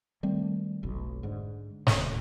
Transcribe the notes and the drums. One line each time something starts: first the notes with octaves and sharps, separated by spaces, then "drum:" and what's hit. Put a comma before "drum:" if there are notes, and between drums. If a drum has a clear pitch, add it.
D#3 G3 A3 C4
F1 B1
G#2 D3
D#1 D2 D3, drum: snare